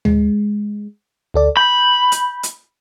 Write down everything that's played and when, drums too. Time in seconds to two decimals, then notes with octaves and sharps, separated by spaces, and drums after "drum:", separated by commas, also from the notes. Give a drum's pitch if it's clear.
0.05 G#3, drum: tom D2
1.34 D2 A4 D5
1.57 B5 G6
2.12 drum: hi-hat
2.43 drum: hi-hat